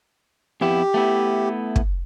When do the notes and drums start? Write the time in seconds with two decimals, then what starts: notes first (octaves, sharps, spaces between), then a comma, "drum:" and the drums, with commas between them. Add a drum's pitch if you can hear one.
0.61 F2 B3 E4 G4
0.94 A3 B3 E4
1.76 drum: kick